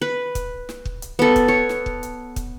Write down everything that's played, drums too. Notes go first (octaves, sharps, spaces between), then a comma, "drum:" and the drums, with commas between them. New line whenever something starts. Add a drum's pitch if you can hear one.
B4
drum: kick, hi-hat
drum: snare
drum: kick
drum: hi-hat
B3 A4
drum: kick, hi-hat
C#5
drum: snare
drum: kick
drum: hi-hat
drum: kick, hi-hat